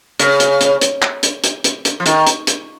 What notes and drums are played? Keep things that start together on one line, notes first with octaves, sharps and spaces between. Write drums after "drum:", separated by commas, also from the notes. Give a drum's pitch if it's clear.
C#3, drum: hi-hat
drum: hi-hat
drum: hi-hat
drum: hi-hat
drum: clap
drum: hi-hat
drum: hi-hat
drum: hi-hat
drum: hi-hat
F3
D#3, drum: hi-hat
drum: hi-hat
drum: hi-hat